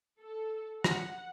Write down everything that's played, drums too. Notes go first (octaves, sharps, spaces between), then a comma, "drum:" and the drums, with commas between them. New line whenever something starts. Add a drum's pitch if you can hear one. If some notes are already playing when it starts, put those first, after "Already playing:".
A4
F#5, drum: rim click